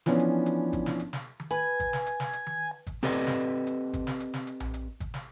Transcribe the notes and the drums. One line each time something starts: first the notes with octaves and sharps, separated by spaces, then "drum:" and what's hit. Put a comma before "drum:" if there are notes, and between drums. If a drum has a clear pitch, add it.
E3 F3 B3 C#4 D4, drum: snare
drum: hi-hat
drum: hi-hat
drum: kick G#1, hi-hat
drum: snare
drum: hi-hat
drum: snare
drum: tom D#3
B4 G#5, drum: hi-hat
drum: kick G#1, hi-hat
drum: snare
drum: hi-hat
drum: snare
drum: hi-hat
drum: tom D#3
drum: kick G#1, hi-hat
C4 G4 A4 B4 D5 D#5, drum: snare
drum: hi-hat
drum: snare
drum: hi-hat
drum: hi-hat
drum: kick G#1, hi-hat
drum: snare
drum: hi-hat
drum: snare
drum: hi-hat
drum: tom A#1
drum: hi-hat
drum: kick G#1, hi-hat
drum: snare